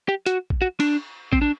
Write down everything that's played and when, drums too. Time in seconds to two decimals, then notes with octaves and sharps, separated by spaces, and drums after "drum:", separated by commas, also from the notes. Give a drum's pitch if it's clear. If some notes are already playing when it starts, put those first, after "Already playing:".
0.09 G4
0.26 F#4, drum: hi-hat
0.50 drum: kick A1
0.62 F#4
0.80 D4, drum: cymbal
1.33 C4, drum: kick A1
1.42 D4